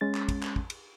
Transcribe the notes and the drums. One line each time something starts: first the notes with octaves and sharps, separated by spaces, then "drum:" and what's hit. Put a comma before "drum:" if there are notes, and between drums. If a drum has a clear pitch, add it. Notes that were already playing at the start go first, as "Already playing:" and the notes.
G#3 C#4 A6
drum: clap
drum: kick, cymbal
drum: clap
drum: kick
drum: cymbal